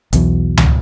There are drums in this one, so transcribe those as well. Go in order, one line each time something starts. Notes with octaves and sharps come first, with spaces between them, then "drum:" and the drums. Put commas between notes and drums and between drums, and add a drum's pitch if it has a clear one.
B1 E2 B2, drum: hi-hat
drum: tom C#2